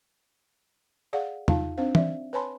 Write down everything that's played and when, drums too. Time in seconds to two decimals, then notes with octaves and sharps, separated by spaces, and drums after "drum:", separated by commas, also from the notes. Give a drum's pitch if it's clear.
1.13 G#4 D5 F5 F#5
1.48 D#4 F4 F5 A5, drum: tom E2
1.78 C4 D4 C5 F5
1.95 D5 E5, drum: tom E3
2.33 B4 C#5 G#5 A5 B5 C6